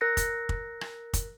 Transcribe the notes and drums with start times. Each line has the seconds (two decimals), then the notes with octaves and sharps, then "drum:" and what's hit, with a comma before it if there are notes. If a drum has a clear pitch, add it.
0.01 A#4 F#6 A#6 C#7
0.17 drum: kick, hi-hat
0.49 drum: kick
0.81 drum: rim click
1.13 drum: kick, hi-hat